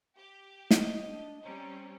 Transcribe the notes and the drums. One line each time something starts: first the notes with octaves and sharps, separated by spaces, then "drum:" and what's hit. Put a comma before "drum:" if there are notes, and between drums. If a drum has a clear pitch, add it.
G4
D#5, drum: snare
D4
G3 C4 C#4 A#5